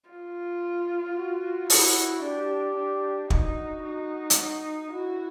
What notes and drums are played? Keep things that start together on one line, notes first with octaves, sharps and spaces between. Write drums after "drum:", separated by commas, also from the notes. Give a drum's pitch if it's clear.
F4
F#4
E4 F#4, drum: open hi-hat
D4 G4
D4
D#4 F#4, drum: kick
D#4
drum: hi-hat
E4 F#4